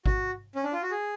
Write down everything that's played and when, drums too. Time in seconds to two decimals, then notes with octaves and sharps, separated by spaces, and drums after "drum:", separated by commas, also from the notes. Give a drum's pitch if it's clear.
0.06 F#4, drum: kick G#1
0.55 C#4
0.64 D4
0.73 F4
0.82 F#4
0.91 G#4